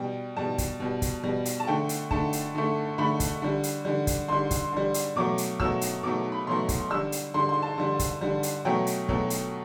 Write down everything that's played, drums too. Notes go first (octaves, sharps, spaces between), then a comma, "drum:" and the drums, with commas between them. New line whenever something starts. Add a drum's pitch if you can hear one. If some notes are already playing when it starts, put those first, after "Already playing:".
Already playing: B2 G3 G5
B2 G3 A5
drum: kick, hi-hat
B2 G3
drum: kick, hi-hat
B2 G3
drum: hi-hat
A5
D3 A3 G5
drum: hi-hat
D3 A3 A5, drum: kick
drum: hi-hat
D3 A3
D3 A3 B5
drum: kick, hi-hat
D3 G3
drum: hi-hat
D3 G3
drum: kick, hi-hat
D3 G3 C6
drum: kick, hi-hat
D3 G3
drum: hi-hat
B2 F#3 A3 D6
drum: hi-hat
B2 F#3 A3 E6, drum: kick
drum: hi-hat
B2 F#3 A3 D6
B5
B2 F#3 A3 C6
drum: kick, hi-hat
D3 G3 E6
drum: hi-hat
D3 G3 C6
C6
A5
D3 G3
drum: kick, hi-hat
D3 G3
drum: hi-hat
B2 F#3 A3 G5
drum: hi-hat
B2 F#3 A3, drum: kick
drum: hi-hat